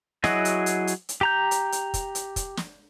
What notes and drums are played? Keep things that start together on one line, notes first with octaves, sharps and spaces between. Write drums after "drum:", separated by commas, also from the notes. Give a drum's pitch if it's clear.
F#3 E4 F#4 G#4 D#5, drum: snare
drum: hi-hat
drum: hi-hat
drum: hi-hat
drum: hi-hat
G4 A#5 G6
drum: hi-hat
drum: hi-hat
drum: kick, hi-hat
drum: hi-hat
drum: kick, hi-hat
drum: snare